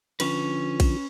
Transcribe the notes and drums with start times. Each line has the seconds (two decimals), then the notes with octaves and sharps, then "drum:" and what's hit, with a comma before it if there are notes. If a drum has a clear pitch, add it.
0.20 D3 F3 C#4 B4, drum: cymbal
0.80 drum: kick A#1, cymbal